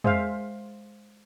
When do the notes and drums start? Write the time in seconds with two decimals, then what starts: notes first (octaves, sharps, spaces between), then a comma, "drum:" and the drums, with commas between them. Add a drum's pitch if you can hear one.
0.04 G#3 C5 E5 F5, drum: tom